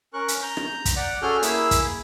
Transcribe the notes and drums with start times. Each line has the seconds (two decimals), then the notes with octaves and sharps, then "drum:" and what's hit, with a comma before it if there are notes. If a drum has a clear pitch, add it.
0.13 C#4 A#4 C#6 F#6
0.28 drum: hi-hat
0.42 A#5 G6
0.57 drum: rim click
0.85 drum: kick, hi-hat
0.96 D5 F#5
1.22 C#4 F#4 G#4 A4 F6 G6
1.42 A#3 E4 G#4 B5 E6, drum: hi-hat
1.71 drum: kick, hi-hat